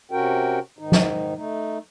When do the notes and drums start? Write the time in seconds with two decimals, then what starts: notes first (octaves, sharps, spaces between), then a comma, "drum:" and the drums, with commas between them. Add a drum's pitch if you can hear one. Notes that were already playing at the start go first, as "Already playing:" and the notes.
0.11 C3 C#4 F#4 A#4 G5
0.79 G#2 D#3 D#4
0.92 drum: snare
1.36 A3 D#4